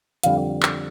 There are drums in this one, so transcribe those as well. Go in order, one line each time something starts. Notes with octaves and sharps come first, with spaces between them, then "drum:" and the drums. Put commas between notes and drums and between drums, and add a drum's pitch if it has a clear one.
F2 D3 G3 F5, drum: hi-hat
drum: clap